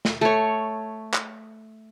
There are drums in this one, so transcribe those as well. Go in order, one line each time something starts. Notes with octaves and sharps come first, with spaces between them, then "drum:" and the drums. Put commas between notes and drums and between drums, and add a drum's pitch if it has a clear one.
drum: snare
A3 C#5
drum: clap